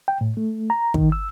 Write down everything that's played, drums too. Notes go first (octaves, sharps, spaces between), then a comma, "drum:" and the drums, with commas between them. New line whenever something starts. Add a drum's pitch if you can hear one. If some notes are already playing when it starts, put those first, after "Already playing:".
G5
A2
A3
A#5
D#3, drum: kick
E6